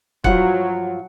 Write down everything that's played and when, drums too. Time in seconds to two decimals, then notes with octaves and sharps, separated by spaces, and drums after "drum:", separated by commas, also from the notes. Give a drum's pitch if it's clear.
0.24 G2 F3 F#3 F4 F#5, drum: kick